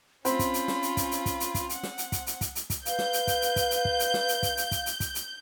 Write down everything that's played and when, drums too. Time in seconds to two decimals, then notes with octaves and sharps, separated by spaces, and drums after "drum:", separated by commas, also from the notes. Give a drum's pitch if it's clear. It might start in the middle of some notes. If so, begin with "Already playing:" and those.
0.25 C4 C#4 F4 B5, drum: hi-hat
0.39 drum: kick, hi-hat
0.54 drum: hi-hat
0.68 drum: snare
0.83 drum: hi-hat
0.97 drum: kick, hi-hat
1.11 drum: hi-hat
1.26 drum: kick, hi-hat
1.40 drum: hi-hat
1.55 drum: kick, hi-hat
1.69 F#5, drum: hi-hat
1.83 drum: snare
1.98 drum: hi-hat
2.12 drum: kick, hi-hat
2.27 drum: hi-hat
2.41 drum: kick, hi-hat
2.55 drum: hi-hat
2.70 drum: kick, hi-hat
2.85 B4 F5 G6, drum: hi-hat
2.99 drum: snare
3.13 drum: hi-hat
3.27 drum: kick, hi-hat
3.42 drum: hi-hat
3.56 drum: kick, hi-hat
3.71 drum: hi-hat
3.85 drum: kick
3.99 drum: hi-hat
4.14 drum: snare
4.28 drum: hi-hat
4.43 drum: kick, hi-hat
4.57 drum: hi-hat
4.71 drum: kick, hi-hat
4.86 drum: hi-hat
5.00 drum: kick, hi-hat
5.15 drum: hi-hat